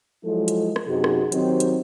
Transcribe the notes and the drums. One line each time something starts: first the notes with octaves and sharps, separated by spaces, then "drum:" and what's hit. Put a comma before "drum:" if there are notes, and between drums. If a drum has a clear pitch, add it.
F3 F#3 G#3 E4 A4
drum: hi-hat
drum: rim click
F#2 C3 D#4 F#4 G#4
drum: rim click
D#3 F#3 C4 D#4 G4 C5, drum: hi-hat
drum: hi-hat